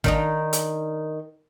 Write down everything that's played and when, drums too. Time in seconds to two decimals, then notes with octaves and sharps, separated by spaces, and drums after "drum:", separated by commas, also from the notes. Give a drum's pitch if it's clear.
0.04 D#3 D4 D#4, drum: kick
0.53 drum: hi-hat